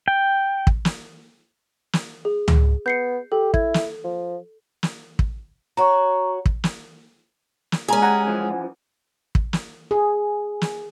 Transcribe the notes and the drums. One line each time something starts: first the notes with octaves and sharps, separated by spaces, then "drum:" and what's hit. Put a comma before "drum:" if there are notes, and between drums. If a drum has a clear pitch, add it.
G5
drum: kick
drum: snare
drum: snare
G#4
drum: tom C#2
B3 G6 C7 C#7
G4 A4
E4 G#6, drum: kick
drum: snare
F3
drum: snare
drum: kick
F#4 C#5 A#5 C#6
drum: kick
drum: snare
drum: snare
A#2 G#3 C#4 G#4 A#5
G4 F#5 G#5 A#5
F#2 E3 F3
drum: kick
drum: snare
G#4
drum: snare